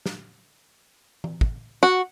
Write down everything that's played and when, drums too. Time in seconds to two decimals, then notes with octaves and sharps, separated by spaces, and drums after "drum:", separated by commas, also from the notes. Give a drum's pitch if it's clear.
0.06 drum: snare
1.24 drum: tom E3
1.41 drum: kick
1.83 F#4